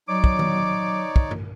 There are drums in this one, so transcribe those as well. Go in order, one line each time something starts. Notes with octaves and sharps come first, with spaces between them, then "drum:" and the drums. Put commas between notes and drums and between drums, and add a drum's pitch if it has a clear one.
F#3 D#4 C#5 D5 D6
drum: kick
drum: tom D#3
drum: kick
drum: tom G2